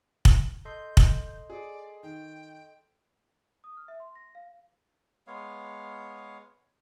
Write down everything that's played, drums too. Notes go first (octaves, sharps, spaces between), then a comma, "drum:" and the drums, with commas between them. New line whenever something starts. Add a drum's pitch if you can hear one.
drum: kick
A4 D#5 C6 G6
drum: kick
G#4 D5
D#3 G5
D#6
F6
E5
C6
A#6
F5
G#3 B3 C#5 F5